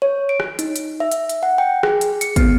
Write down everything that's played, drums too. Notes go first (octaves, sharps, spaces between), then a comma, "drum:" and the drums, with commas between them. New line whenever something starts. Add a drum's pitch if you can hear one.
C#5
D7
drum: rim click
D#4, drum: hi-hat
drum: hi-hat
E5
drum: hi-hat
drum: hi-hat
F#5
G5
G#4, drum: rim click
drum: hi-hat
C#7, drum: hi-hat
B3, drum: kick, hi-hat